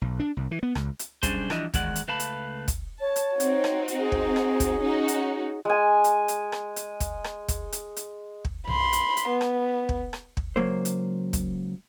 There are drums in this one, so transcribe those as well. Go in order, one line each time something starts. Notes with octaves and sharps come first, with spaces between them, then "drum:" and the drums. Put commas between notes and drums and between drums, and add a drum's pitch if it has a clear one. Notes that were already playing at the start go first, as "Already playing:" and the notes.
B1
D4
C2
E3
B3
C#2, drum: rim click
drum: hi-hat
B1 G3 C#4 D4 G#4 C5, drum: kick, hi-hat
E3 F3 G3 D4 D#5 E5, drum: rim click
E2 D#3 G#3 D5 F#5, drum: kick, hi-hat
drum: hi-hat
C#2 A3 B4 F5 A5 B5
drum: hi-hat
drum: kick, hi-hat
C#5 A5
drum: hi-hat
C4 D#4 F#4, drum: hi-hat
drum: rim click
drum: hi-hat
G#4
drum: kick
drum: rim click
drum: kick, hi-hat
C#4 D#4 F#4
drum: hi-hat
G#3 G#5
drum: hi-hat
drum: hi-hat
drum: rim click
drum: hi-hat
drum: kick, hi-hat
drum: rim click
drum: kick, hi-hat
drum: hi-hat
drum: hi-hat
drum: kick
B5 C6, drum: tom B1
drum: hi-hat
drum: hi-hat
B3
drum: rim click
drum: kick
drum: rim click
drum: kick
C#2 A2 F#3 A#3 C5
drum: hi-hat
drum: kick, hi-hat